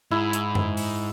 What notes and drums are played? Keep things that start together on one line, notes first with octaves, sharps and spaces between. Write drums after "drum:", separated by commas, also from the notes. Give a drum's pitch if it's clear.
G#2 E4
drum: hi-hat
drum: tom F#2
drum: open hi-hat